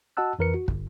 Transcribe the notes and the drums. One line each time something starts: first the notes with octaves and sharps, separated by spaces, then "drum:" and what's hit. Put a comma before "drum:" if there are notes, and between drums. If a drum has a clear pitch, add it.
F#4 D#5 F#5 A5 E6 F#6
F2 E3 A#4 B4 C#7
F#4
G1, drum: kick